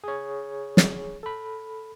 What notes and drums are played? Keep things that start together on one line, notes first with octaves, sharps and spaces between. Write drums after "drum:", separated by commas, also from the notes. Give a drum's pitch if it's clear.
G#4 C#5
drum: snare
A4 B5